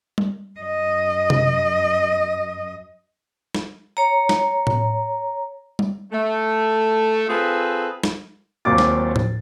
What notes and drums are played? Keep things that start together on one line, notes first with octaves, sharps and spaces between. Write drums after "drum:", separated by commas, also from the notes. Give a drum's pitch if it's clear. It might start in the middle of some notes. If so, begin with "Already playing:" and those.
drum: tom G3
F#2 D#5
drum: tom C3
drum: snare
C#5 A#5
drum: snare
drum: tom A2
drum: tom G3
A3
C4 F4 G#4 A4 B4
drum: snare
D#2 A#2 F#3 C4 D6 A6
drum: snare
drum: tom A2